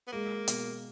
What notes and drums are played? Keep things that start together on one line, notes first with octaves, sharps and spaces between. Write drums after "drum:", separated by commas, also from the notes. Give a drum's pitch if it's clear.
B3
G#3 A#3
B2, drum: hi-hat